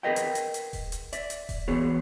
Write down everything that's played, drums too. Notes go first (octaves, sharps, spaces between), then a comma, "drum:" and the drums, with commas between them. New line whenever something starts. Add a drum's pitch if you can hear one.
G#4 A#4 B4 D#5 F#5 G5
drum: hi-hat
drum: hi-hat
drum: hi-hat
drum: kick D#1, open hi-hat
drum: hi-hat
D5 E5, drum: hi-hat
drum: hi-hat
drum: kick D#1, open hi-hat
E2 B3 F#4 G#4 C#5